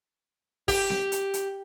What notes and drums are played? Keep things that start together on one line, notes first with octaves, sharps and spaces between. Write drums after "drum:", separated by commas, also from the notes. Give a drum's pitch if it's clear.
G4, drum: kick, open hi-hat
drum: snare C4
drum: hi-hat
drum: hi-hat